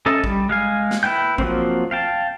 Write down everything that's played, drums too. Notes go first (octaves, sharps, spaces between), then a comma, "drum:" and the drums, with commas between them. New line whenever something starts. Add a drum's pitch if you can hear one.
C#4 A4 D#5 E5 A5
G3, drum: kick A1
G#3 F5 G#5
drum: snare
E4 B4 G5 G6
F3 F#3 A#3 C4, drum: kick A1
F5 G5 A5